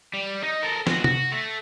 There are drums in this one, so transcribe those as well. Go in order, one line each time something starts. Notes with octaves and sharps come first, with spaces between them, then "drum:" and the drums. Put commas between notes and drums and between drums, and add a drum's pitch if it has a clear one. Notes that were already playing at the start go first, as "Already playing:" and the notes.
G3
D#4
A4 A#4
G#3 F#4, drum: snare
F#4, drum: tom C3
A3